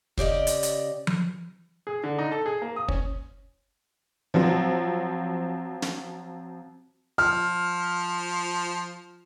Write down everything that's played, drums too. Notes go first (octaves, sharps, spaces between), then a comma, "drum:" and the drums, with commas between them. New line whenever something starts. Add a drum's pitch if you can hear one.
C#3 G4 D5 D#5, drum: kick
drum: hi-hat
drum: hi-hat
drum: tom F3
G#4
D3
D#4
A4
G#4
A#3
D#6
C#4, drum: kick
F3 F#3 C4
drum: snare
F3 F6